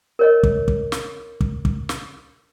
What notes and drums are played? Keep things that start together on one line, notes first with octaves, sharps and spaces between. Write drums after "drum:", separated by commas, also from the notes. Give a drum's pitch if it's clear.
A#4 C#5 D#5
drum: kick
drum: kick
drum: snare
drum: kick
drum: kick
drum: snare